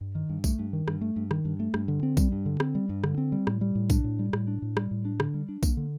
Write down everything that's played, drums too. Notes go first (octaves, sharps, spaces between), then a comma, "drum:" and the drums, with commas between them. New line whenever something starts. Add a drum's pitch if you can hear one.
G2
D#3
G2
A3, drum: kick B1, tambourine
G2
D#3
G2, drum: rim click
A3
G2
D#3, drum: rim click
G2
A3
G2, drum: rim click
D3
C4
G3, drum: kick B1, tambourine
G2
D3
C4, drum: rim click
G3
G2
D3, drum: rim click
C4
G3
A2, drum: rim click
G3
A2
D4, drum: kick B1, tambourine
A2
G3
A2, drum: rim click
D4
A2
G3, drum: rim click
A2
D4
D3, drum: rim click
G3
D4
A#3, drum: kick B1, tambourine
D3